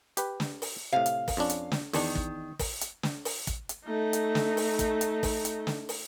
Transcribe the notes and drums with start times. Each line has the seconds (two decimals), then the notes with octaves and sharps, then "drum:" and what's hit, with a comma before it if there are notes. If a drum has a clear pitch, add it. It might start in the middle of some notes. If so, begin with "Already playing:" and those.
0.17 G4 B4, drum: hi-hat
0.40 drum: snare
0.62 drum: open hi-hat
0.93 A2 C3 F5
1.06 drum: hi-hat
1.28 drum: kick, open hi-hat
1.37 F2 C#4 D4
1.50 drum: hi-hat
1.72 drum: snare
1.93 E2 D#3 D4, drum: open hi-hat
2.15 drum: kick
2.59 drum: kick, open hi-hat
2.81 drum: hi-hat
3.03 drum: snare
3.25 drum: open hi-hat
3.47 drum: kick, hi-hat
3.69 drum: hi-hat
3.85 A3 D#4
4.13 drum: hi-hat
4.35 drum: snare
4.57 drum: open hi-hat
4.79 drum: kick, hi-hat
5.01 drum: hi-hat
5.23 drum: kick, open hi-hat
5.45 drum: hi-hat
5.67 drum: snare
5.89 drum: open hi-hat